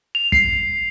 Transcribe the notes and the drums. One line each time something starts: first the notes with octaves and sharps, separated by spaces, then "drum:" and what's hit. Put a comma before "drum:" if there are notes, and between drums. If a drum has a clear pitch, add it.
F7
C7, drum: kick